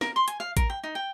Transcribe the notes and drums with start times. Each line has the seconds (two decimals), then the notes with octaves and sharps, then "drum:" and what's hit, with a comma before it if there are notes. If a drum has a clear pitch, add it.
0.01 A#4, drum: snare
0.16 C6
0.28 G#5, drum: hi-hat
0.40 F5
0.57 A#4, drum: kick A1, hi-hat
0.70 G5
0.83 D#4
0.95 G5